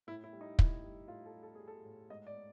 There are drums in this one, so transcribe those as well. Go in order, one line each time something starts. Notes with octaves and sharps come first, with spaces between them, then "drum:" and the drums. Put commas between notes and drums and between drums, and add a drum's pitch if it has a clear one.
A2 E4
E4
G3
D#4
G3 E4, drum: kick
G3
A2 F4
A4
G3
A4
G3 G#4
A4
A2
G#2 D#5
D5